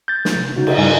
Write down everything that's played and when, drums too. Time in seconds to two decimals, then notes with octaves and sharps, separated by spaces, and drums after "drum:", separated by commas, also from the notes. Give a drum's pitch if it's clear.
0.08 G6 A6
0.25 drum: snare
0.35 C3
0.56 C#3 D#4 F#4
0.67 drum: cymbal
0.78 G2 C#3 G3 D#4 D#5 G#5